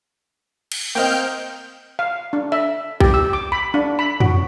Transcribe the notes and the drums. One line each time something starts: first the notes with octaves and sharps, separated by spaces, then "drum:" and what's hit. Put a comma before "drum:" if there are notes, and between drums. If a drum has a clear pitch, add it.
drum: cymbal
A#3 C4 D#5 G5 F6 G6
F5
D4
E5
G4, drum: kick
E6
D6
B5
D4
B5
F#4, drum: tom F2